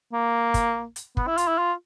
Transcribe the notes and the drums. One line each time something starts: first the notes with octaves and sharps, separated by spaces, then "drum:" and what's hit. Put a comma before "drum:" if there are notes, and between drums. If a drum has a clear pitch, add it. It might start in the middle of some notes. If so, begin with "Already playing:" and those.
A#3
drum: kick, hi-hat
drum: hi-hat
B3, drum: kick
E4
F4, drum: hi-hat
E4
F4